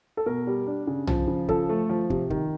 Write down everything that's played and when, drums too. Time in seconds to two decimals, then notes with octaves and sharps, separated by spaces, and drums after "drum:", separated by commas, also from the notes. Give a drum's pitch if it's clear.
0.17 A4
0.26 B2 A#4
0.47 G3
0.67 D4
0.87 C#3
1.07 F3, drum: tom B1
1.28 C#3
1.48 F3 A4, drum: kick
1.69 A3
1.89 F3
2.10 C3, drum: kick
2.30 D#3, drum: kick